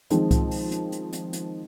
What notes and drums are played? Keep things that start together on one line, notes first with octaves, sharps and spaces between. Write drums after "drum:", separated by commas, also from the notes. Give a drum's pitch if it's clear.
D#3 F3 G#3 C4 D#4, drum: hi-hat
drum: kick C2, hi-hat
drum: open hi-hat
drum: hi-hat
drum: hi-hat
drum: hi-hat
drum: hi-hat